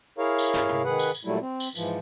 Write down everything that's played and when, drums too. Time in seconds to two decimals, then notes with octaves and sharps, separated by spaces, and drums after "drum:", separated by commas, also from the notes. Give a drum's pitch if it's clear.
0.18 E4 G#4 A#4 C#5 F5
0.39 drum: tambourine
0.54 drum: snare
0.69 drum: tom
0.85 D#3 G#4 B4 F#5
0.99 drum: tambourine
1.14 drum: tambourine
1.25 A#2 F#3 G3 A3 E4
1.41 C4
1.60 drum: tambourine
1.75 G#2 E3 F3, drum: tambourine